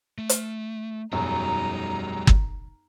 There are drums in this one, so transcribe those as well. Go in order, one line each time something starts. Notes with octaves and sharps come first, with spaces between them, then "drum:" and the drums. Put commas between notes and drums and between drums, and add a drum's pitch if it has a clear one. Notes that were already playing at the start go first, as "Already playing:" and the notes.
A3
drum: hi-hat
E1 F#2 G3 D#4 F#4 G4 A#5
drum: kick